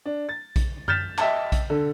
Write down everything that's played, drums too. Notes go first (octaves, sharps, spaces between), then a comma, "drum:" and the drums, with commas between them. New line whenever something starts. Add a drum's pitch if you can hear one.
D4
A6
drum: kick A#1, hi-hat
F6 G6 A6 B6 E7, drum: tom F#2
D#5 E5 G5 A5, drum: clap
drum: kick A#1, hi-hat
D3 A4